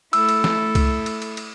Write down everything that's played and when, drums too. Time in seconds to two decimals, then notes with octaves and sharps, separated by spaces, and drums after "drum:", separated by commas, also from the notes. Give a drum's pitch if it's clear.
0.13 A3 E4 A4 E6, drum: cymbal
0.29 drum: cymbal
0.44 drum: snare
0.75 drum: kick C2, cymbal
1.06 drum: cymbal
1.22 drum: cymbal
1.37 drum: cymbal